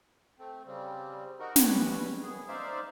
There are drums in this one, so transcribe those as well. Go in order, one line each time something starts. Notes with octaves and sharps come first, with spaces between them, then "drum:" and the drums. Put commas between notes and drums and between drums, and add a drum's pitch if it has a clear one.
A3 C4
C#3 G3 C4
D#4 F#4 A#4
B2 G3 G#3 B4 C#5, drum: snare
F#2 G#4
D#4 C5 D5 E5 F5